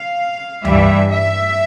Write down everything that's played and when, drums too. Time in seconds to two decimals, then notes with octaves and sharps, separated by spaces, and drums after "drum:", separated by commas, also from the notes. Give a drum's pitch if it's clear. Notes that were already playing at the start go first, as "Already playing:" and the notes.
Already playing: F5
0.65 G2 E3 G3 E5, drum: tom C#2
1.10 E5